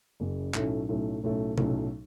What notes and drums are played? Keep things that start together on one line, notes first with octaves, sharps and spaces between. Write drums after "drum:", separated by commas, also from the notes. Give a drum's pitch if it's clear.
F#1 F#2 C#3
B1 A2 F#3 A3 C#4, drum: clap
B1 A2 F#3 A3 C#4
B1 A2 F#3 A3 C#4
B1 A2 F#3 A3 C#4, drum: tom C3